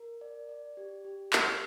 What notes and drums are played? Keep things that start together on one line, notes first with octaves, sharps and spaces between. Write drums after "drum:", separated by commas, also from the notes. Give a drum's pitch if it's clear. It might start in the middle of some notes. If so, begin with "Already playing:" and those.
Already playing: A#4
D5
D5
G4
G4
G4, drum: clap